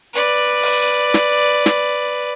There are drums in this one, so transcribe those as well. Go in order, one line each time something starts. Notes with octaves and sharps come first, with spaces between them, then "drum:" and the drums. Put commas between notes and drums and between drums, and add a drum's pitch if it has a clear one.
B4 D5
drum: open hi-hat
drum: snare
drum: snare